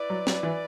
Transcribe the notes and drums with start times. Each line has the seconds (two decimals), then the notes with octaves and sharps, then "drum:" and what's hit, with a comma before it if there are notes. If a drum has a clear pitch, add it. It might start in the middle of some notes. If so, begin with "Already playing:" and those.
Already playing: E4 B4 D5
0.10 F#3
0.27 F#3, drum: snare
0.43 E3